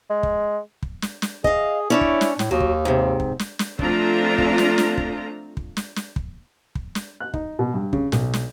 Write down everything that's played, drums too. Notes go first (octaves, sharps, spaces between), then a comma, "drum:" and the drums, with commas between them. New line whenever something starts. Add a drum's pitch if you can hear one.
G#3
drum: kick
drum: kick
drum: snare
drum: snare
G#4 D#5 F5, drum: kick
C#4 D4 E4 C#5
drum: kick
drum: snare
A2, drum: snare
D#2 F#3
drum: kick
G#2 C3
drum: kick
drum: snare
drum: snare
F3 A3 C4 D4 F4 A#5, drum: kick
drum: kick
drum: snare
drum: snare
drum: kick
drum: kick
drum: snare
drum: snare
drum: kick
drum: kick
drum: snare
F#6
D#4, drum: kick
B2
G2
C#3, drum: kick
B1, drum: snare
drum: snare